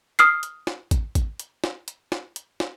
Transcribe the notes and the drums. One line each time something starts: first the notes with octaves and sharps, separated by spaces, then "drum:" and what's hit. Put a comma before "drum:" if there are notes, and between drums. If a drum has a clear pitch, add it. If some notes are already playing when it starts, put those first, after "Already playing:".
D#6 F6 C7, drum: hi-hat
drum: hi-hat
drum: snare
drum: kick A1, hi-hat
drum: kick A1, hi-hat
drum: hi-hat
drum: snare
drum: hi-hat
drum: snare
drum: hi-hat
drum: snare